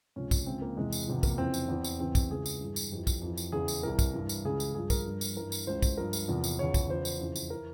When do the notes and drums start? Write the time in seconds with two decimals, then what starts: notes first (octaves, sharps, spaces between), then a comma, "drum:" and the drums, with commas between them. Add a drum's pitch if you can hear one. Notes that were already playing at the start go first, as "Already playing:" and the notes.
0.16 C#2 C3 F3 C#4
0.31 drum: kick, tambourine
0.46 C#2 C#3 F3 C4
0.62 A#3
0.77 E2 C3 E3 G#3
0.92 drum: tambourine
1.07 E2 C3 F3
1.23 A#3, drum: kick, tambourine
1.38 F2 C#3 E3 C4
1.54 drum: tambourine
1.69 E2 E3
1.84 drum: tambourine
2.00 E2 C#3 E3 C4
2.15 drum: kick, tambourine
2.30 C#2 C#3 E3 G#4
2.46 drum: tambourine
2.60 G2 E3
2.76 drum: tambourine
2.92 F2 E3 G4
3.07 drum: kick, tambourine
3.22 F2 E3
3.37 drum: tambourine
3.52 E2 C#3 E3 G#4
3.68 drum: tambourine
3.83 C2 C3 E3 A#4
3.99 drum: kick, tambourine
4.14 G2 E3
4.29 drum: tambourine
4.45 C#2 C#3 E3 G#4
4.60 drum: tambourine
4.75 G2 F3 G#4
4.90 A#4, drum: kick, tambourine
5.06 G2 F3
5.21 drum: tambourine
5.36 G2 E3 A#4
5.52 drum: tambourine
5.67 C#2 C#3 E3 C5
5.82 drum: kick, tambourine
5.97 G2 F3 A#4
6.13 drum: tambourine
6.28 E2 C3 F3
6.44 drum: tambourine
6.59 E2 C#3 F3 C#5
6.74 drum: kick, tambourine
6.89 E2 C#3 F3 C5
7.05 drum: tambourine
7.20 F2 C#3 E3
7.36 drum: tambourine
7.50 E3 A#4